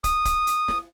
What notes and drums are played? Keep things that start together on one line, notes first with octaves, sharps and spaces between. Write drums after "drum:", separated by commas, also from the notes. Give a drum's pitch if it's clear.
D#6, drum: kick, hi-hat
drum: kick, hi-hat
drum: hi-hat
drum: snare